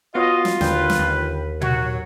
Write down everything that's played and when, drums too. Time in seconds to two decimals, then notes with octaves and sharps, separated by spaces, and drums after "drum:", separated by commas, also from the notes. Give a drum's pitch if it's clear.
0.15 B3 F4 F#4 C#5 D#5
0.45 drum: snare
0.61 D#2 D3 B4 G5 G6, drum: snare
0.90 drum: snare
0.99 D#2
1.62 F#3 F#4 G#6, drum: tom A#2